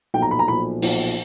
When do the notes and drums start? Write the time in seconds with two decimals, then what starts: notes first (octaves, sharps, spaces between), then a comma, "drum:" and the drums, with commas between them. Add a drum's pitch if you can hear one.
0.14 B1 A#2 F3 G5
0.22 A#5
0.31 B5
0.39 A#5
0.48 B1 A#2 F3 B5
0.82 B1 A#2 F3, drum: open hi-hat